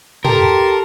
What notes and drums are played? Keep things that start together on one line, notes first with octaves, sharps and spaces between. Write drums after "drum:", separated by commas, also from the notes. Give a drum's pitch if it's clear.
G4 A4 A#4 A5 C6, drum: tom